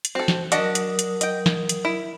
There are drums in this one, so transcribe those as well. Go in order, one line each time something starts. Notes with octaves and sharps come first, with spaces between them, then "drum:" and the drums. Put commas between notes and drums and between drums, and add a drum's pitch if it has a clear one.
drum: hi-hat
C4 F#4 A4
drum: snare
F#3 D4 F#4 A#4 D#5 D#6, drum: hi-hat
drum: hi-hat
drum: hi-hat
D#5 G5, drum: hi-hat
drum: snare
drum: hi-hat
E4